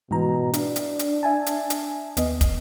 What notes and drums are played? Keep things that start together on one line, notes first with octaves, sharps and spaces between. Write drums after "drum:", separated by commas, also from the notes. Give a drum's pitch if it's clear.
G#2 B2 E3 A#5
D4 E4, drum: hi-hat
drum: hi-hat
drum: hi-hat
E5 G#5 A5
drum: hi-hat
drum: hi-hat
D#2 B3 D#5, drum: hi-hat
drum: kick, hi-hat